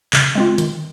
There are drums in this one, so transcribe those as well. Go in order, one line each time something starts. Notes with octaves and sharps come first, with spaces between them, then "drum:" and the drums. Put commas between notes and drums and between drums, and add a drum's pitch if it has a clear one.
C#3, drum: clap
G#3 C4 F4
D#3, drum: hi-hat